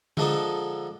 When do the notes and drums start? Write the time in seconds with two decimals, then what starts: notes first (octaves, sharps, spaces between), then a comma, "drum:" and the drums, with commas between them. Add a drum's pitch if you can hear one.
0.17 D3 F3 G#3 D4 D#4 A4, drum: tom D3